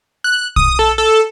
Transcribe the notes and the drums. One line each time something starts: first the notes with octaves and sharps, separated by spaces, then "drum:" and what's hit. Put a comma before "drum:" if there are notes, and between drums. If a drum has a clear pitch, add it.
F#6
D#6, drum: kick
A4
A4